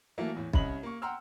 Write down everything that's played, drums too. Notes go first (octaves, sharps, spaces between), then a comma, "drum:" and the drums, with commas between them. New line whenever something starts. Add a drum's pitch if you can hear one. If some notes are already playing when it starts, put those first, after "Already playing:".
E3 F#3 A3 A#3
E2 A2
C2 C#4 D#5 B5 F#7, drum: kick
A#3 C#6
F#5 G5 A#5 C6 E6 F6